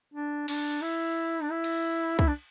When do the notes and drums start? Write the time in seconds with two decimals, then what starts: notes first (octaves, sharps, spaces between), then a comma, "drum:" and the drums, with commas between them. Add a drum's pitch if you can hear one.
0.14 D4
0.48 D4, drum: cymbal
0.82 E4
1.42 D4
1.51 E4
1.64 drum: cymbal
2.19 E4, drum: kick
2.27 D4